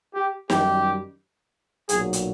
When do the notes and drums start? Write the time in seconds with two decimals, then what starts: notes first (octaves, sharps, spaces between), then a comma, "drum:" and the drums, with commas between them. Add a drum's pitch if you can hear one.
0.15 G4
0.50 F#2 D#3 G3 G4, drum: snare
1.89 B1 A#2 F#3 G#4, drum: hi-hat
2.13 drum: hi-hat